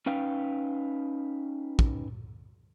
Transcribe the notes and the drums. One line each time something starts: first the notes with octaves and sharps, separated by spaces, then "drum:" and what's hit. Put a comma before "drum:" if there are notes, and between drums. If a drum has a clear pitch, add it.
C#4 D#4 B4 F5 G5
drum: kick